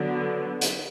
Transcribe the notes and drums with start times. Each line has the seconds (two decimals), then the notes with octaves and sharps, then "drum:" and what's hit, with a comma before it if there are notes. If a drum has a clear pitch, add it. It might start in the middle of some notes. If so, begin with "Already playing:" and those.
Already playing: D3 F#3 B3
0.61 drum: hi-hat